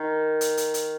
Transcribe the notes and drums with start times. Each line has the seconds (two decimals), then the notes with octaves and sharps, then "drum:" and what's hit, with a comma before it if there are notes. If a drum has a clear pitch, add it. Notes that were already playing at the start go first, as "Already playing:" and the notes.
Already playing: D#3
0.41 drum: hi-hat
0.57 drum: hi-hat
0.74 drum: hi-hat